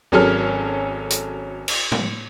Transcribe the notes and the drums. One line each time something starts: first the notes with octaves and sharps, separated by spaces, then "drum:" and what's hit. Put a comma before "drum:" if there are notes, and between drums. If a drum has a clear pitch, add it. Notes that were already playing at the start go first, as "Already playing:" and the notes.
G#1 F#3 C#4 G#4 A4 F6
drum: hi-hat
drum: cymbal
drum: tom